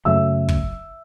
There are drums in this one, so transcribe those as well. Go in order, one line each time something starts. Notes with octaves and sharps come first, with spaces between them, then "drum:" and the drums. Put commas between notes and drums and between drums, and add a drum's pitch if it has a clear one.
F#2 C#3 F#3 A3 E5 E6
drum: kick